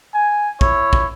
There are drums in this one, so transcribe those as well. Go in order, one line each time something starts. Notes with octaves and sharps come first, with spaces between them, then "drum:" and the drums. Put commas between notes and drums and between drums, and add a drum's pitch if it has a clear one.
G#5
E4 C#5, drum: kick
drum: kick